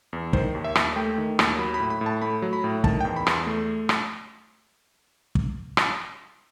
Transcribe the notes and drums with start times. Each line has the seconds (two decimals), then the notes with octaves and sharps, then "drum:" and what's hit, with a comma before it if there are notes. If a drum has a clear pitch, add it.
0.13 E2
0.33 D#3 C5, drum: kick
0.55 D#2
0.64 E5
0.75 D#2, drum: rim click
0.96 A3 G5
1.18 D#3
1.39 D#2, drum: rim click
1.59 F#3 B5
1.74 B5
1.80 A2
1.90 B5
2.01 A2
2.06 A5
2.22 A3 B5
2.42 F#3
2.53 B5
2.64 A2
2.84 D#3 A5, drum: kick
3.01 G5
3.05 E2
3.16 B5
3.27 E2 C6, drum: rim click
3.47 A3
3.89 drum: rim click
5.35 drum: kick
5.77 drum: rim click